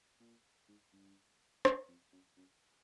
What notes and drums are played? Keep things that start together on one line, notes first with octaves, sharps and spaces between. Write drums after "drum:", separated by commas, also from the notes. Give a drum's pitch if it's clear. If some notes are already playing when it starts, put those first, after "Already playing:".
A#2
G#2
G2
F2, drum: rim click
F2
F#2
F#2